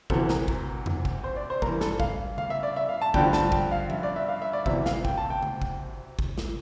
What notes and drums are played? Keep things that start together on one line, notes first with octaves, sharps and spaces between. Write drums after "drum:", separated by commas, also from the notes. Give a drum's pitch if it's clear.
D2 C3 E3 A4, drum: kick G#1
A#4, drum: snare
drum: kick G#1
drum: tom E2
drum: kick G#1
C5
D5
C5
G2 E3 A#4, drum: kick G#1
A4, drum: snare
F5, drum: kick G#1
F5, drum: tom C#3
E5
D5
E5
F5
A5
G2 D3 F3 G5, drum: kick G#1
A5, drum: snare
G5, drum: kick G#1
F5
E5, drum: tom F3
D5
E5
F5
E5
D5
D2 C3 E3 E5, drum: kick G#1
F5, drum: snare
G5, drum: kick G#1
A5
G5
drum: tom C#3
drum: kick G#1
drum: kick G#1
drum: snare